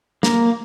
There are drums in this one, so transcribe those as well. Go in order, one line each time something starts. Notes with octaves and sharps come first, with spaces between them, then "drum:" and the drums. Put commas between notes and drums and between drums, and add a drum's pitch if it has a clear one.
A#3, drum: snare